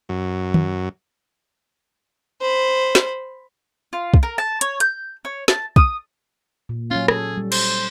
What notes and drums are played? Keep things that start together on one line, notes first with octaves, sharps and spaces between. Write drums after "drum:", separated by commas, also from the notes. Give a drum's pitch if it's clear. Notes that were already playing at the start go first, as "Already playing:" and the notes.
F#2
drum: tom
C5 B5
drum: snare
F4
drum: kick
A#4
A5
C#5, drum: hi-hat
G6, drum: hi-hat
C#5
A5, drum: snare
D#6, drum: kick
A#2
F#3 C#4 F4
G#4 A4, drum: rim click
G3
C5, drum: cymbal